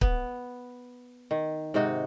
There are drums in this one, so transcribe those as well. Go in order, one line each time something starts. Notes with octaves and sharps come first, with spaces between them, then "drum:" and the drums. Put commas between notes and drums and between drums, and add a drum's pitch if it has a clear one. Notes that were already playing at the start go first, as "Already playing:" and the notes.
B3, drum: kick
D#3
G#2 C3 D#4 F#4